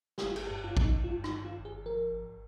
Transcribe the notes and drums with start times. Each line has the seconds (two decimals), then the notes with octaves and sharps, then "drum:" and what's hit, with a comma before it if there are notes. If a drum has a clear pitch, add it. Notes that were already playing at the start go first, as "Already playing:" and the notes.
0.18 G4, drum: snare
0.22 G1 F4
0.36 G#4, drum: cymbal
0.43 G4
0.51 G2
0.64 F4
0.77 G1, drum: kick A1
0.83 D#4
1.04 G2 F4
1.24 D#4, drum: rim click
1.31 D#3
1.45 F4
1.59 G1
1.65 G#4
1.86 F3 A#4
2.12 G#1